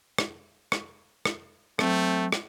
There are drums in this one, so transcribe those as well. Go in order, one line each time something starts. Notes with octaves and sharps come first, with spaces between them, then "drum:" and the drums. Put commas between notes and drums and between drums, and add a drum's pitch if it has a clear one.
drum: rim click
drum: rim click
drum: rim click
F#3 A3 C4, drum: rim click
drum: rim click